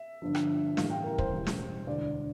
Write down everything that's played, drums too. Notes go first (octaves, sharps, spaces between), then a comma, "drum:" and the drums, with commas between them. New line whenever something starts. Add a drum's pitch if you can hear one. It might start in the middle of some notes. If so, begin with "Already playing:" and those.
Already playing: E5
G1 G2 D3 F3
drum: rim click
A1 A2 E3 G3 F5, drum: snare
G5
A#4
C5, drum: kick
E1 E2 E3 G3
drum: snare
E1 D2 D3 D5